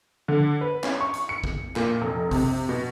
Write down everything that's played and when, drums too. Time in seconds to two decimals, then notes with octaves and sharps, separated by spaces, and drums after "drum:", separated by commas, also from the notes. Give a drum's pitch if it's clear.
0.28 D3
0.61 B4
0.84 C#4, drum: clap
1.01 C#6
1.14 drum: hi-hat
1.29 C#7
1.44 drum: kick
1.76 A#2, drum: clap
2.01 F1
2.31 C3, drum: kick, open hi-hat
2.69 B2